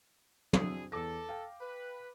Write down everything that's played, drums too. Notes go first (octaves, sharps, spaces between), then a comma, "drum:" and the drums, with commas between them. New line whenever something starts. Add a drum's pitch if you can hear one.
C4 D4 E4 F#4 G#4, drum: tom
E2 A4 D6 A#6
F5 G5
B4